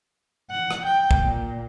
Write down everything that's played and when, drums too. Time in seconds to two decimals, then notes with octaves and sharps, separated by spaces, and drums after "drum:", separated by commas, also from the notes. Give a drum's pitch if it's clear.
0.51 F#5
0.71 drum: rim click
0.85 G5
1.11 drum: kick
1.23 A#2